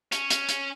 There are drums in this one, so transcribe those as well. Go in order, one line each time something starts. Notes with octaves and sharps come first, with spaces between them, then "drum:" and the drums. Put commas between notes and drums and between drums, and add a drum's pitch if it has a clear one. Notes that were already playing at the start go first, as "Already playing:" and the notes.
C#4, drum: hi-hat
drum: hi-hat
drum: hi-hat